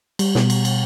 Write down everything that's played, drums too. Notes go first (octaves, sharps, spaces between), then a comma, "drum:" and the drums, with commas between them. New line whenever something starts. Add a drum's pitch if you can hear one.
G3, drum: cymbal
B2, drum: snare
drum: cymbal
drum: cymbal